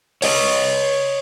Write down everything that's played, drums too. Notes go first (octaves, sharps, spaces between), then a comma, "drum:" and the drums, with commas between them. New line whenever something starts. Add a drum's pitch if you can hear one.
C#5 D#5, drum: open hi-hat